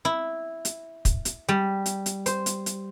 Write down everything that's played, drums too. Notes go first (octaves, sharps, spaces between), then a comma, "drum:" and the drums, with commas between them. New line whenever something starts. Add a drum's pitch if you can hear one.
E4
drum: hi-hat
drum: kick, hi-hat
drum: hi-hat
G3
drum: hi-hat
drum: hi-hat
C5, drum: hi-hat
drum: hi-hat
drum: hi-hat